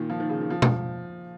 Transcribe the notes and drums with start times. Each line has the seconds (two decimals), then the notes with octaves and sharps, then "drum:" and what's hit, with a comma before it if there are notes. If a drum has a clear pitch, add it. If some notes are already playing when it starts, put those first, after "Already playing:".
Already playing: A#2 D#3
0.10 F3
0.20 D#3
0.30 C#3
0.41 D#3
0.50 F3
0.62 drum: tom B2